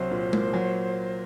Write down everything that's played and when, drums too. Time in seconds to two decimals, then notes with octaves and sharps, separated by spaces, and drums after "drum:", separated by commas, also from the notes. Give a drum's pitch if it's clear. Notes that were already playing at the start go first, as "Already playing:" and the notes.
Already playing: C2 F#3 C5
0.11 A#2
0.33 A#3, drum: tom G#3
0.53 F#3